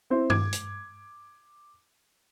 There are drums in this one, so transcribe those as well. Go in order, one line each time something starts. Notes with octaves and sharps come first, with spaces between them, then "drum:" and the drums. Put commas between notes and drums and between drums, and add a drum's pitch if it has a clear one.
C4 E4 C5
D6 G#6, drum: tom G2
drum: hi-hat